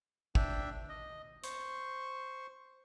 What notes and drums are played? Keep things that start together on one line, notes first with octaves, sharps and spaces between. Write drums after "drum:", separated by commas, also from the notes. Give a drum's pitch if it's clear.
D4 E5 G5, drum: kick
D#5
C5 C#6, drum: hi-hat